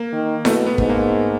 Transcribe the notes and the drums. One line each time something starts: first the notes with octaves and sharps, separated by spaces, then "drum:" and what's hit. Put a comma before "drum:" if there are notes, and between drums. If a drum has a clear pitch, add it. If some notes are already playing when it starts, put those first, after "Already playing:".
Already playing: A#3
D#3
B2 A3, drum: snare E4
B3
G#2, drum: kick
A#3